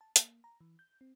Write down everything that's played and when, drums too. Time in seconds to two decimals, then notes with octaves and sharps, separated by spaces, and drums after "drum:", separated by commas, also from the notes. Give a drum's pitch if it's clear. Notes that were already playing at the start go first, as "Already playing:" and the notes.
0.01 A5
0.16 A#3, drum: hi-hat
0.44 A#5
0.61 E3
0.79 G6
1.01 C4